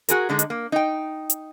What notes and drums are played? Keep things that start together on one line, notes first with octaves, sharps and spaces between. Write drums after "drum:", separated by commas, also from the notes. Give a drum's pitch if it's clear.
F#4 G#4 A#4, drum: hi-hat
G#2 D3 G#3 D#4
drum: hi-hat
A#3
D#4 G5
drum: hi-hat